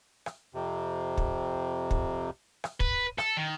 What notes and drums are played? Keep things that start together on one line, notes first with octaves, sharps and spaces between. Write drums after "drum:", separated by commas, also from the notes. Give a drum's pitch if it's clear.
drum: rim click
F2 C3
drum: kick
drum: kick
drum: rim click
B4, drum: kick
A4, drum: rim click
D#3